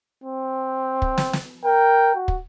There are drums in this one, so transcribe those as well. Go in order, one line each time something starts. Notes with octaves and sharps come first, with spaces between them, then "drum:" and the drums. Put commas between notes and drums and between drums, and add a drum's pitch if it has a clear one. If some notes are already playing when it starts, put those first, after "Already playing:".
C4
drum: kick
drum: snare
drum: snare
A#4 G5
F#4
drum: kick